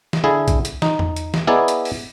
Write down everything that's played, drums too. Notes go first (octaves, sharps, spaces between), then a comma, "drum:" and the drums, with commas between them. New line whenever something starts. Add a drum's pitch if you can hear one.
drum: snare
D3 E4 G#4
drum: kick A#1, hi-hat
drum: hi-hat
D#4, drum: snare
drum: tom E2
drum: hi-hat
drum: snare
B3 E4 G#4 D5 D#5 A#5
drum: hi-hat
drum: open hi-hat